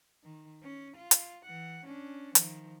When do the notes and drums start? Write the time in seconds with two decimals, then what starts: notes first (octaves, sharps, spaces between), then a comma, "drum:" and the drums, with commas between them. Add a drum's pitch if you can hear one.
0.24 D#3
0.62 C#4
0.97 F4
1.11 drum: hi-hat
1.45 E3 F#5
1.85 C#4 D4
2.35 D#3 F3, drum: hi-hat